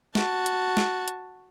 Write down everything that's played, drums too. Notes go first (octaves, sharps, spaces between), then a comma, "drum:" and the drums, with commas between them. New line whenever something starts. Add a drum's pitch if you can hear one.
F#4 A5, drum: snare
drum: hi-hat
drum: snare
drum: hi-hat